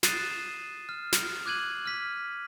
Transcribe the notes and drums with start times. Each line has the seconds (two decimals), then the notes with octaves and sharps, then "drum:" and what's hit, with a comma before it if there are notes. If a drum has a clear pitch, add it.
0.03 D#6 F#6 A6 C7 D#7 E7, drum: snare
0.89 F6
1.12 drum: snare
1.46 D6 F#6 G#6 D#7 F#7
1.86 F6 B6